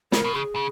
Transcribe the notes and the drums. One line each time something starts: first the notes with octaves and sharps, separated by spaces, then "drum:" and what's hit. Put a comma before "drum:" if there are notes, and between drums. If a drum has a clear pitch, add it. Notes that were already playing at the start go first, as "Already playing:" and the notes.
C#3 A#4, drum: snare
B2
C#3 G#4
C#3